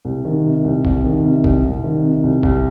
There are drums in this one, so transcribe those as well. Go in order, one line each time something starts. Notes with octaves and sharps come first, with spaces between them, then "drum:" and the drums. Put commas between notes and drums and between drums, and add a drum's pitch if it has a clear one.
C2
D#3
C3
C2
C2, drum: kick
D#3
C3
C2, drum: kick
C2
D#3
C3
C2
C2, drum: kick